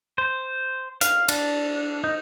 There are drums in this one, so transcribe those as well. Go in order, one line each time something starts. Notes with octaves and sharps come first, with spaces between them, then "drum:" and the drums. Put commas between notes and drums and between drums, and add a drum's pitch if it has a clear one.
C5
F5, drum: hi-hat
D4, drum: cymbal
D#4